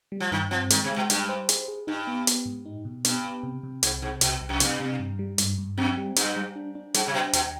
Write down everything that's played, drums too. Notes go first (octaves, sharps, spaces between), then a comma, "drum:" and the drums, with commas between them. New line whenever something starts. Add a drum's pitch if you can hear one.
G3
F3
G2 D#3
F3 C4
D#3 G#3, drum: hi-hat
C3
G#3
B2
G2 G3, drum: hi-hat
C5
G#4, drum: hi-hat
G#4
G2 D#4
B3
B3, drum: hi-hat
G#2
D#4
B2
G2 B3, drum: hi-hat
B3
C3
C3
C2 G#2, drum: hi-hat
G#2 C3
C2 B2, drum: hi-hat
C2
F2
G2 C3, drum: hi-hat
C3
G2
G3
G2, drum: hi-hat
G2
F2 C4
G3
G2 G3, drum: hi-hat
G3
D4
D4
G#2 G3, drum: hi-hat
C3
B2 D4
D#2 B2, drum: hi-hat